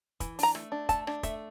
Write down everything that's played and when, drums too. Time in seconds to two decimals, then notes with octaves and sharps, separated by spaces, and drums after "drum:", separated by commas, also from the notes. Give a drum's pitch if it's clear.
0.20 E3, drum: kick, hi-hat
0.39 D4 A#5, drum: open hi-hat
0.55 A3, drum: rim click
0.72 D4
0.89 A3 A5, drum: kick, hi-hat
1.07 D4, drum: rim click
1.23 A3 E5, drum: kick, hi-hat